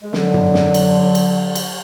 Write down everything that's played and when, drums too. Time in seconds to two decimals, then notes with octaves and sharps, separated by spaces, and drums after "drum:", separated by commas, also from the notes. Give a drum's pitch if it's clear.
0.02 G#3
0.13 D3 F#3, drum: snare
0.34 drum: tom F#2
0.54 drum: snare
0.74 drum: cymbal
1.15 drum: cymbal
1.55 drum: cymbal